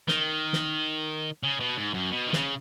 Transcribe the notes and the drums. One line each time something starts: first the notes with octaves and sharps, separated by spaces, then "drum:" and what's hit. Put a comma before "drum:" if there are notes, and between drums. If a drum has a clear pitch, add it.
D#3, drum: snare
drum: snare
C#3
B2
G#2
F#2
B2
D#3
C#3, drum: snare